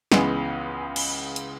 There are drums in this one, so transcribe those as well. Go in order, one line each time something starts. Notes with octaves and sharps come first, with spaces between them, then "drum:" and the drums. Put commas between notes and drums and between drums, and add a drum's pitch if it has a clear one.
C#2 C#3 E3 G#3 B3, drum: snare
drum: cymbal
drum: hi-hat